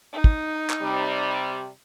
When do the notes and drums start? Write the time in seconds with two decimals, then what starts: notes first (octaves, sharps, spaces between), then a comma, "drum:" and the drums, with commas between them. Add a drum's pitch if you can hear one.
0.13 D#4
0.24 drum: kick
0.70 drum: clap
0.82 C3 G3